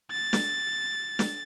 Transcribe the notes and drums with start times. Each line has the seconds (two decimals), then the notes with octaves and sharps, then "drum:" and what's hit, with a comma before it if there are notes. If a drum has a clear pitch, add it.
0.11 A6
0.33 drum: snare
1.19 drum: snare